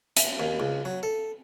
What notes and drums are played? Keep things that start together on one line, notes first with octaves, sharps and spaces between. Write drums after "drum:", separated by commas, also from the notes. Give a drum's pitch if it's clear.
E5, drum: hi-hat
D#2
C#2
F#3
A4